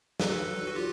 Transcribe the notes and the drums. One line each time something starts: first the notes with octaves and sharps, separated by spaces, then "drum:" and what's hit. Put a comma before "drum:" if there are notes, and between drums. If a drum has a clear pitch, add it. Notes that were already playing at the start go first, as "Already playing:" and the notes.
A4 B4, drum: snare
F#4
F4 G4